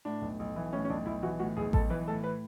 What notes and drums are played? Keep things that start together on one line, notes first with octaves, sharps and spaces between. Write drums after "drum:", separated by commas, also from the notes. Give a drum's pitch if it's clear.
A2 D4
B1
B1
E3
A2 C#4
C#4
B1 D4
B1 E4
E3 F#4
A2 F#4
B1 G#4
B1 A4, drum: kick A1
E3 B4
A2 A4
B4